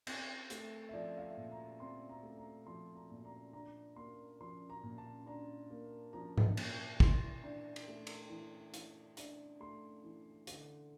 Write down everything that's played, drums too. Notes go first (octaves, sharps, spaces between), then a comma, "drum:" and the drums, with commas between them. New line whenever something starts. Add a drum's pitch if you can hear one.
C4, drum: cymbal
A3, drum: hi-hat
E5
F3 D5
F5
E5
A#2
A#5
C4 C6
A#5
A3
A#5
F3 C6
A#5
A#2
A#5
D4 A#5
A#3 C6
F3 C6
A#5
A#2
A5
D4 A#5
A#3
F3 A#5
drum: tom G#2
A#2, drum: cymbal
E3 C6, drum: kick
D4
drum: cymbal
A3
drum: cymbal
E3
E3, drum: hi-hat
D4, drum: hi-hat
A3 C6
E3
D3, drum: hi-hat